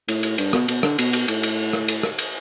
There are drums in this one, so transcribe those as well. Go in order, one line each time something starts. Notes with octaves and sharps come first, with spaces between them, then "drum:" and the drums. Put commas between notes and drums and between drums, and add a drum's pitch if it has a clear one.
A2, drum: cymbal
drum: cymbal
G2, drum: cymbal
B2, drum: rim click
B2, drum: cymbal
D3, drum: rim click
B2, drum: cymbal
drum: cymbal
A2, drum: cymbal
drum: cymbal
drum: rim click
drum: cymbal
drum: rim click
drum: cymbal